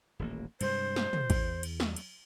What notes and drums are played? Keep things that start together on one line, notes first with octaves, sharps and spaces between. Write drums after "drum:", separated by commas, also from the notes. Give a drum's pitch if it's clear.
D#1 A1 A#3
G2 C3 G#3 C5, drum: cymbal
drum: snare
drum: tom
E2, drum: kick A1, cymbal
drum: cymbal
drum: snare
drum: cymbal